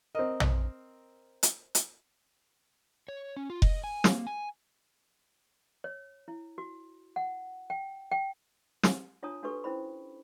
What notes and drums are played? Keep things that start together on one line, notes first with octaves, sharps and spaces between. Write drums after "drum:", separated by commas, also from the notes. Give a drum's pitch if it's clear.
C4 A#4 D#5
drum: tom A#1
drum: hi-hat
drum: hi-hat
C#5
C#4
F4
D#5, drum: kick F1
G#5
A#3, drum: snare
G#5
C#5
E4
F#4
F#5
G5
G5
drum: snare
D4 F4 C#5 A5 A#5 D#6
D4 F#4 G4 A4 B4 C#6
C#4 E4 C5 B5